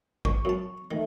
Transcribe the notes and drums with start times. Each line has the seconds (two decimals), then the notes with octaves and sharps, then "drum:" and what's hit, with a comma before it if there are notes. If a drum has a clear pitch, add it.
0.25 C#6, drum: kick
0.45 F#2 A5
0.91 D#3 A3